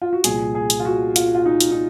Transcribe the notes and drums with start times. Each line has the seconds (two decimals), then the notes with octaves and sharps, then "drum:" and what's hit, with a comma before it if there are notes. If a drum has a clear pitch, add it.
0.02 F4
0.13 F#4
0.24 C2 A#2 F3 G#4, drum: hi-hat
0.55 G#4
0.70 drum: hi-hat
0.80 F4
0.85 F#4
1.16 F4, drum: hi-hat
1.35 F4
1.46 D#4
1.60 drum: hi-hat
1.71 D#4